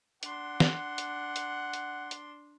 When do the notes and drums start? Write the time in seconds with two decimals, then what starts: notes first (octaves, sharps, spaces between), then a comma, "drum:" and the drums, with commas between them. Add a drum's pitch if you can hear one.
0.23 D4 F#5 C6, drum: hi-hat
0.60 drum: snare
0.98 drum: hi-hat
1.36 drum: hi-hat
1.73 drum: hi-hat
2.11 drum: hi-hat